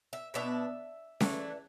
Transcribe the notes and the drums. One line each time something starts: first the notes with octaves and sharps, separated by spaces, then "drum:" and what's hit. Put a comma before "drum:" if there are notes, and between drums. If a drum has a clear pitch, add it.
E5
B2 B3 D4 E5
E3 A3 D4, drum: snare C#4